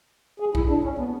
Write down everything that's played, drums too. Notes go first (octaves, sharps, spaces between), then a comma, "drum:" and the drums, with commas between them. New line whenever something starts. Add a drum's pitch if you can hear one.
G#4
E4, drum: kick
D4
C#4
B3